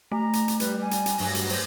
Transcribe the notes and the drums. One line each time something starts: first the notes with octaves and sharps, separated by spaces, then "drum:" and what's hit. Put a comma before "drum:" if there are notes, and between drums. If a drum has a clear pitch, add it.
A3 A#5
drum: hi-hat
drum: hi-hat
G3 B4, drum: hi-hat
G#5
drum: hi-hat
drum: hi-hat
G2 F#3 A#6, drum: open hi-hat
drum: hi-hat
C5, drum: open hi-hat